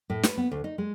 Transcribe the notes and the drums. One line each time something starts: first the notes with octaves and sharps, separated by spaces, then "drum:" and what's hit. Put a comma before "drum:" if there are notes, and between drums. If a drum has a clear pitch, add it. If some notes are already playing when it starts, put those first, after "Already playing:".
A2
B4, drum: snare
B3
D2
D#4
G#3